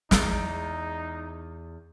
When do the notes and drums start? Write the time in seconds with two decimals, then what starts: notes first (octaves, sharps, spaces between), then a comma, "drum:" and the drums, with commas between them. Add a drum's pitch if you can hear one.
0.11 E2 G#3 D#4, drum: snare